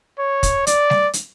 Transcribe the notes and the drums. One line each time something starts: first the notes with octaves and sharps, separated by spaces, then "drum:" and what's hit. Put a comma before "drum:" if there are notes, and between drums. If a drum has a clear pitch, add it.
C#5
drum: kick, hi-hat
D5, drum: hi-hat
drum: snare G3
drum: hi-hat